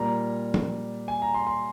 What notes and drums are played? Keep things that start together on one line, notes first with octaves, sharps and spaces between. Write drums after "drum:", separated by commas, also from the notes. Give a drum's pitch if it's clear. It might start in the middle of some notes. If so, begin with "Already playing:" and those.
Already playing: A#2 G3 A#5
drum: tom F3
G#5
A#5
C6
C6